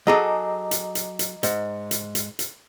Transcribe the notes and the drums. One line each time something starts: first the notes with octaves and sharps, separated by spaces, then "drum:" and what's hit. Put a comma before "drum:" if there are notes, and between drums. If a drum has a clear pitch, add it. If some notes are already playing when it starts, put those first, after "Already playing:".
F#3 G#4 A4 D#5 A#5 D6
drum: hi-hat
drum: hi-hat
drum: hi-hat
G#2, drum: hi-hat
drum: hi-hat
drum: hi-hat
drum: hi-hat